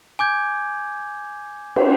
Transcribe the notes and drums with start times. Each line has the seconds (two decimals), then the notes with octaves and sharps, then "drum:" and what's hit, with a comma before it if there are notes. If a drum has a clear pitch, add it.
0.19 G#5 D6 G6 G#6
1.76 drum: cymbal